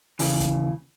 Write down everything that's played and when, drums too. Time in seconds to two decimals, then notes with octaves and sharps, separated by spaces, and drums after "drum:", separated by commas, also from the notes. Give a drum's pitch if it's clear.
0.19 D#2 C#3 E3, drum: open hi-hat
0.40 drum: kick, hi-hat